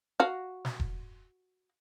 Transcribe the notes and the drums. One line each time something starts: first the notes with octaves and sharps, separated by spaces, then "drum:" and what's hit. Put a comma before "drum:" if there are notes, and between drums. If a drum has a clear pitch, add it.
F#4 F5
drum: snare
drum: kick E1